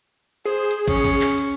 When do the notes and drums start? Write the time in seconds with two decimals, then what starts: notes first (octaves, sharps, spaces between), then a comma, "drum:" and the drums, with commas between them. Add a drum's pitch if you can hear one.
0.45 G#4 C5
0.71 drum: hi-hat
0.88 C#4, drum: kick, hi-hat
1.04 drum: kick, open hi-hat
1.21 drum: clap
1.38 drum: hi-hat